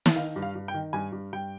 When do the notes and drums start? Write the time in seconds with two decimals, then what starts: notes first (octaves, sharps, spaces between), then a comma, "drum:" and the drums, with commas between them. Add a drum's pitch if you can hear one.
0.06 drum: snare
0.16 D#3 F5
0.36 G2
0.42 F5
0.55 G2
0.68 G5
0.74 D#3
0.93 G2 G#5
1.12 G2
1.33 G2 G5